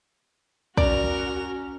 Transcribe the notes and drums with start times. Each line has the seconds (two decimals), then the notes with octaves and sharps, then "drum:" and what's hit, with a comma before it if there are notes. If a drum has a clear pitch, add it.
0.77 C#4 F#4 A#4 D5 F7, drum: kick